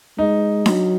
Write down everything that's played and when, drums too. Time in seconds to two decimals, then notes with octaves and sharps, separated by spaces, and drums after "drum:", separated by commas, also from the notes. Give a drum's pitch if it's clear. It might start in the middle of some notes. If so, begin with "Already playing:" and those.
0.18 G#3 D#4
0.66 F#3, drum: snare D4